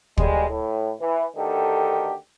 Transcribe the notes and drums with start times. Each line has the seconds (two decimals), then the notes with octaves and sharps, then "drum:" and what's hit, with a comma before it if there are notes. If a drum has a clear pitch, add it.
0.17 B1 G3 G#3, drum: kick
0.49 A2
1.00 E3
1.37 D2 D3 D#3 G4 A4